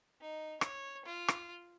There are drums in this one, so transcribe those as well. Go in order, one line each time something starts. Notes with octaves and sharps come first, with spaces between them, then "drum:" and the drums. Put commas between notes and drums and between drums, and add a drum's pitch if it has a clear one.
D#4
C#5, drum: rim click
F4
drum: rim click